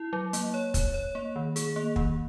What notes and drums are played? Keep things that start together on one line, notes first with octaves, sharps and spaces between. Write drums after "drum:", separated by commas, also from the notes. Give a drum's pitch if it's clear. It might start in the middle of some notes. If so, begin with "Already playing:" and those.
Already playing: E4
F#3
A#3, drum: hi-hat
C#5
C#5, drum: kick, hi-hat
C#5
A#3
D#3
G#4, drum: hi-hat
A#3
D#3, drum: kick